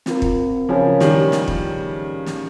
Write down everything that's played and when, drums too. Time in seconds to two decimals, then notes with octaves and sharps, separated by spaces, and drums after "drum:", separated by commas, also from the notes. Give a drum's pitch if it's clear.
0.06 C4 F4 A#4, drum: snare
0.22 drum: kick
0.69 C#3 F3 F4 A#4 C#5 G#5
1.00 D#3 G3, drum: snare
1.32 drum: snare
1.48 drum: kick
2.26 drum: snare